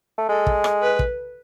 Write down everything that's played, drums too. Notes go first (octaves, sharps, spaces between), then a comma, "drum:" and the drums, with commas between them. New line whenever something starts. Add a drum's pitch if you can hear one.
A3
G#3 A4
drum: kick
drum: rim click
B4
drum: kick